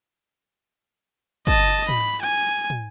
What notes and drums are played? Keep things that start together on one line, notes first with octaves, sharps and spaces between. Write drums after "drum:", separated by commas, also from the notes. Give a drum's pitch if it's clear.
D#5 A5, drum: kick
B5, drum: tom
G#5
drum: tom